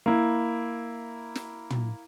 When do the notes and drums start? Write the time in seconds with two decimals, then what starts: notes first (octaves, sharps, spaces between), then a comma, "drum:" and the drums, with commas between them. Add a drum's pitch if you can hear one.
0.06 A#3 E4
1.35 drum: snare
1.70 drum: tom